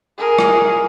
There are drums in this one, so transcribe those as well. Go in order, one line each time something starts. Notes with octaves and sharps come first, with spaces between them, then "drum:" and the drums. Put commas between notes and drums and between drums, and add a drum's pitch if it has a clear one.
G#4 A#4
drum: rim click